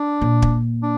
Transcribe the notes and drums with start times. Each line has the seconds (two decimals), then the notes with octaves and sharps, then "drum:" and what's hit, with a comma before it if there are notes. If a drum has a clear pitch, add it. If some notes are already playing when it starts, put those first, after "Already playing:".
Already playing: D4
0.21 A#2
0.42 drum: kick
0.83 D4